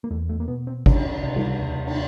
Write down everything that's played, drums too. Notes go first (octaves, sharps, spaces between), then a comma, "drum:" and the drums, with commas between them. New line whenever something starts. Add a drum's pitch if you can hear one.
A#3
E2 A3
A3
A#3
B2 B3
C4
C#2 C#4, drum: kick, cymbal
C3
drum: tom G3
D#2
drum: cymbal